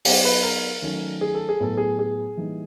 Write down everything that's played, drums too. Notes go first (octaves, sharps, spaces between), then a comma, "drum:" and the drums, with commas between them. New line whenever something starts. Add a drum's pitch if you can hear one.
F#3 B3 D#4 G4, drum: open hi-hat
B4
A#4
D#3 F#3 A3 C#4
G#4
A4
G#4
A2 F#3 B3 A4
G#4
G#4
E3 G3 A#3 D#4